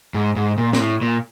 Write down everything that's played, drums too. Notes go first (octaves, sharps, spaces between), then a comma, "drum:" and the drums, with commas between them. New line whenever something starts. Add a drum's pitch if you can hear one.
G#2
G#2
A#2
A#2, drum: snare
A2
A#2